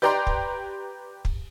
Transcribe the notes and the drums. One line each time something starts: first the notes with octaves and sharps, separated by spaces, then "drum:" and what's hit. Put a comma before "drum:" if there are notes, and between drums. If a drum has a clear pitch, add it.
G4 B4 D5 G5 A#5 C6
drum: kick
drum: kick